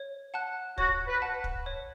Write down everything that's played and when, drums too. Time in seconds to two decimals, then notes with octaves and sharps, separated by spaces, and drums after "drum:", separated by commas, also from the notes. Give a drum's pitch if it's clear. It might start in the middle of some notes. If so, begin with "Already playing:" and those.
Already playing: C#5
0.34 F#5 A5 F#6
0.78 F#4 C#5, drum: kick
1.07 B4
1.22 F#5 A5 F#6
1.44 drum: kick
1.66 C#5